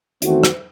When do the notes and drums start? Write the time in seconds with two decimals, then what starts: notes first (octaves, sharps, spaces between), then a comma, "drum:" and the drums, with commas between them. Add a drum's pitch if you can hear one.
0.22 E2 D#3 A3 C4 F#4, drum: hi-hat
0.43 drum: rim click